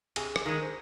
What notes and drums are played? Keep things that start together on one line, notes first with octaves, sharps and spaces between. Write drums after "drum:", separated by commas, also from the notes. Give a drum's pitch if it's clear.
C3 G#4, drum: cymbal
drum: rim click
D#3 G#3 A#4
C5